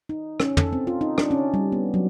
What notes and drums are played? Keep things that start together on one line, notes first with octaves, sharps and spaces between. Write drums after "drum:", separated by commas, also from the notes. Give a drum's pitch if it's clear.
D#4
C#4, drum: rim click
A4, drum: tom
C4
F4
D#4
D4, drum: rim click
C#4
G3
B3
F#3